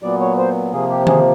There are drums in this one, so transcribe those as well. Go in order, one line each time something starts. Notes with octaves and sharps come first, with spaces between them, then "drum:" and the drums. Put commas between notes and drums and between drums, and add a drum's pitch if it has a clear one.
A#2 F#3 B3 D5
C#5
C5
C3 F3 A#3 G#4
G4
G#4, drum: tom D#3